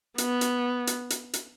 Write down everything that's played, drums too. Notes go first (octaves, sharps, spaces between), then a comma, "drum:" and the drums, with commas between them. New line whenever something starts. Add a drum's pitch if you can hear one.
B3, drum: hi-hat
drum: hi-hat
drum: hi-hat
drum: hi-hat
drum: hi-hat